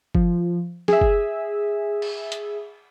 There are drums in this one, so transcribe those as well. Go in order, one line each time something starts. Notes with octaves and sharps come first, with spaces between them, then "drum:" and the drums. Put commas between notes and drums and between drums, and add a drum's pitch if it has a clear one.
F3, drum: kick F#1
G#4 E5, drum: snare
drum: kick F#1
drum: cymbal
drum: hi-hat